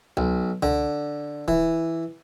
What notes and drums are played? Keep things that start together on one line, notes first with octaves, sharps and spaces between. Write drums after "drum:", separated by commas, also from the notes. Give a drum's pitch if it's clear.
B1, drum: tom C#2
D3, drum: tom C#2
E3, drum: kick D1